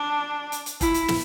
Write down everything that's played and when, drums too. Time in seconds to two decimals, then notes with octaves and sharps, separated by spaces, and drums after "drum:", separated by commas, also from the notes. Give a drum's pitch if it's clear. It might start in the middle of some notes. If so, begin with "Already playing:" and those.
Already playing: D4
0.52 drum: hi-hat
0.66 drum: hi-hat
0.81 E4, drum: kick, hi-hat
0.94 drum: hi-hat
1.08 drum: snare